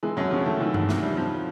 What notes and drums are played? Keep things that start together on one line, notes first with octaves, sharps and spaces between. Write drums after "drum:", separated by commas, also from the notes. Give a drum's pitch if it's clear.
E3 G#3
F#2 F#3
C#3 F3
D#3 A3
D#3 E3
E2, drum: tom G2
C3, drum: snare
G3
F3